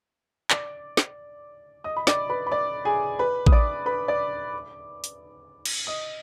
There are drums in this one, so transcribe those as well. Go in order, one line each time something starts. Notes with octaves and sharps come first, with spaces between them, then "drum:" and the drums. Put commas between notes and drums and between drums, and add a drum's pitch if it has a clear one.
D5 D6, drum: clap
drum: snare
D#5 D#6
B5
D5 D6, drum: snare
B4 B5
B5
D5 D6
G#4 G#5
B4 B5
D#6, drum: kick A1
D5 D6
B4 B5
D5 D6
drum: hi-hat
drum: cymbal
D#5 D#6